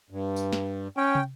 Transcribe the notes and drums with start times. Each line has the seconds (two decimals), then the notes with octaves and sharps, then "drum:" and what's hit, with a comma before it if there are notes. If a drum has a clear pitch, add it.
0.10 G2
0.36 drum: tambourine
0.52 drum: snare
0.97 C#4 G5
1.15 drum: tom